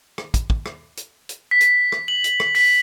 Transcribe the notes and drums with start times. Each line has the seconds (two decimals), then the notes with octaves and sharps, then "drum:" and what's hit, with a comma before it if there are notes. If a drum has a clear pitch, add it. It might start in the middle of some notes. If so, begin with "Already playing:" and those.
0.18 drum: rim click
0.34 drum: kick, hi-hat
0.50 drum: kick
0.66 drum: rim click
0.97 drum: hi-hat
1.29 drum: hi-hat
1.51 B6
1.61 drum: hi-hat
1.92 drum: rim click
2.08 F#7
2.24 drum: hi-hat
2.40 drum: rim click
2.55 B6, drum: open hi-hat